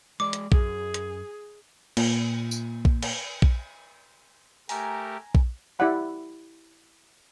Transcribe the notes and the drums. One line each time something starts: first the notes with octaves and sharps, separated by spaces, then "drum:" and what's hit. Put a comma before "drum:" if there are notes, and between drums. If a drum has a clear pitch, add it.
G#3 G#4 D5 D6
drum: hi-hat
F#2 G#4, drum: kick A#1
drum: hi-hat
A#2, drum: cymbal
drum: tambourine
drum: kick A#1
drum: cymbal
drum: kick A#1
A3 G4 A#4 G#5 A#5, drum: open hi-hat
drum: kick A#1
E4 G4 D5 E5 F#5 B5